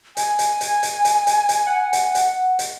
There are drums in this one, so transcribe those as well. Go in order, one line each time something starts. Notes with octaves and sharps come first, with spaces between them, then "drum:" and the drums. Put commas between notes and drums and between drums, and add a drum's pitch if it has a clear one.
G#5, drum: hi-hat
drum: hi-hat
drum: hi-hat
drum: hi-hat
drum: hi-hat
drum: hi-hat
drum: hi-hat
F#5
drum: hi-hat
drum: hi-hat
drum: hi-hat